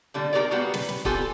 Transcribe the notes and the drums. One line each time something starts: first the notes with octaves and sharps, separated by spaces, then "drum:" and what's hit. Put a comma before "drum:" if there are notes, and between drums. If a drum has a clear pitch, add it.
A#2 D3 G3
D#4 G4 G#4 A#4 D5
G3 G#3 A#3 B3 F#4 G4
B4, drum: snare
drum: snare
B3 F4 G4 A4 G#5, drum: kick